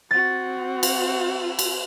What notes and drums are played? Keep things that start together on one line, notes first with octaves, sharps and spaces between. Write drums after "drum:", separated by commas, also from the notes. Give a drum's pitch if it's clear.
C4 F#4 A6
drum: cymbal
drum: cymbal